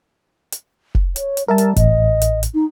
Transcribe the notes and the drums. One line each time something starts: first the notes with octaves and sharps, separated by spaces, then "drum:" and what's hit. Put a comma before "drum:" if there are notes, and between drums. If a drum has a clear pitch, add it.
drum: hi-hat
drum: kick F1
C#5, drum: hi-hat
drum: hi-hat
G3 A#4 E5 A5
drum: hi-hat
A1 D#5, drum: kick F1, hi-hat
drum: hi-hat
drum: hi-hat
D#4